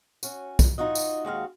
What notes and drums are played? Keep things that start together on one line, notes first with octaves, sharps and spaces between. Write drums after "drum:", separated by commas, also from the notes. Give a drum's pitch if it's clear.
C#4 F#4, drum: tambourine
drum: kick, tambourine
D#4 F4 F#4 D#5
drum: tambourine
D#2 G#3 F#4 F5